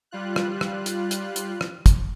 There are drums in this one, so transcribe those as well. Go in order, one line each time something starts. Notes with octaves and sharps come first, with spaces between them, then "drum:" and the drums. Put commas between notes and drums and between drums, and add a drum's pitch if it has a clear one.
G3 F4 F#6
drum: rim click
drum: rim click
drum: hi-hat
drum: hi-hat
drum: hi-hat
drum: rim click
drum: kick, hi-hat